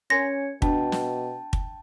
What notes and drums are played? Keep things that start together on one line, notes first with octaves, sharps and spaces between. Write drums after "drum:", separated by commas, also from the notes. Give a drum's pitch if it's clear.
C#4 A#4 G#5 C6 G#6 A#6 C#7
B2 D4 G5 A5, drum: kick
drum: snare
drum: kick